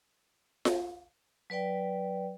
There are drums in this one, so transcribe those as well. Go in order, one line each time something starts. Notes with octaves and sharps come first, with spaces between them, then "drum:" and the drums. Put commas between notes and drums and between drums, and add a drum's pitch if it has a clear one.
drum: snare F4
F#3 B4 D5 G5